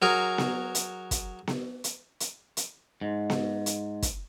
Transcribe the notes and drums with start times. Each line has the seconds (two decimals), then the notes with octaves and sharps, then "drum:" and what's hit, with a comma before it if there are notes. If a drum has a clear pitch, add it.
0.02 F#3 F#4 G#4 A#4
0.38 drum: snare B3
0.75 drum: hi-hat
1.11 drum: kick, hi-hat
1.47 drum: snare B3
1.84 drum: hi-hat
2.20 drum: hi-hat
2.57 drum: hi-hat
3.02 G#2
3.30 drum: snare B3
3.66 drum: hi-hat
4.02 drum: kick, hi-hat